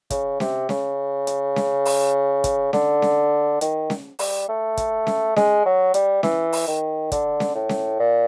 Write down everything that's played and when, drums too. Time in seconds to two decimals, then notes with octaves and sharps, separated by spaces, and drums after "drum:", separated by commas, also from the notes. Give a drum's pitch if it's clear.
0.10 C#3, drum: kick, hi-hat
0.40 C3, drum: snare C#4
0.69 C#3, drum: snare C#4
1.27 drum: hi-hat
1.56 drum: snare C#4
1.85 drum: open hi-hat
2.44 drum: kick, hi-hat
2.73 D3, drum: snare C#4
3.02 drum: snare C#4
3.61 D#3, drum: hi-hat
3.90 drum: snare C#4
4.19 G3, drum: open hi-hat
4.48 A3
4.77 drum: kick, hi-hat
5.07 drum: snare C#4
5.36 G#3, drum: snare C#4
5.66 F#3
5.94 G3, drum: hi-hat
6.23 E3, drum: snare C#4
6.53 drum: open hi-hat
6.67 D#3
7.12 D3, drum: kick, hi-hat
7.40 drum: snare C#4
7.55 A2
7.69 drum: snare C#4
7.99 A#2